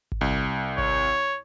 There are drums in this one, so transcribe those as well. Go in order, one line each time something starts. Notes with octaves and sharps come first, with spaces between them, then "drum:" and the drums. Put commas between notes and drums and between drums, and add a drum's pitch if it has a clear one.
drum: kick G#1
C2
C#5, drum: kick G#1